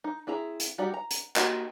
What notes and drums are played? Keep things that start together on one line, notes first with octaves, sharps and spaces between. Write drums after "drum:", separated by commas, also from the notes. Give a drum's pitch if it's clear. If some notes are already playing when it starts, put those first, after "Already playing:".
D#4
C4 E4 G#4 A#5
drum: hi-hat
G3 D#4 F#4 G4 D5
A#5
drum: hi-hat
A#3 D#4 F#4 G4 D#5, drum: clap